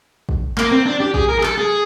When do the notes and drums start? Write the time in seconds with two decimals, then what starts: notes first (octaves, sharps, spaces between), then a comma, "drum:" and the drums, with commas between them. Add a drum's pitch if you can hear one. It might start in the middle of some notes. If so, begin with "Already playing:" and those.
0.29 drum: kick
0.58 A#3, drum: clap
0.71 C4
0.86 D4
1.00 G4
1.14 G#4, drum: kick
1.29 A#4
1.39 G#4
1.43 A4, drum: clap
1.58 G#4